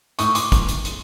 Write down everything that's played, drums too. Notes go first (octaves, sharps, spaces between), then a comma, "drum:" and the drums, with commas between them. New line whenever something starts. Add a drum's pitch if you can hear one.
A2 C#6 D#6, drum: hi-hat
C6 D6, drum: hi-hat
drum: kick, hi-hat
drum: hi-hat
drum: hi-hat